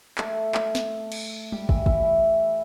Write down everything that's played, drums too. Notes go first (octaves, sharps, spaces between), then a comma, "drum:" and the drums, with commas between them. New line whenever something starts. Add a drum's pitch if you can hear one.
A3 A4, drum: clap
drum: clap
drum: snare
drum: cymbal
G3 G4, drum: tom G3
E3 E4, drum: kick
E3 E4, drum: kick
E3 E4